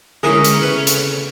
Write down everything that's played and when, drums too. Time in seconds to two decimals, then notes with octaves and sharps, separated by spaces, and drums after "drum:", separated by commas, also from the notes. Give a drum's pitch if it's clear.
0.23 D3 E3 G#3 C#4 G#4 A#4 D#5
0.44 drum: hi-hat
0.62 C#3 A4 B4
0.87 drum: hi-hat